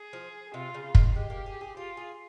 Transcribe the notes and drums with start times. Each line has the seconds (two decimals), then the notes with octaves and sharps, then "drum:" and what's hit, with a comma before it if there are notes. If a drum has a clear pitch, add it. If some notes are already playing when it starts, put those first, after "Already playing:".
Already playing: G#4
0.13 F3
0.54 C3 F4
0.74 C#3
0.84 F4
0.95 D#3, drum: kick
1.15 G#3 G4
1.30 A#3
1.46 G#4
1.61 G#4
1.77 F4 G4
1.97 G#4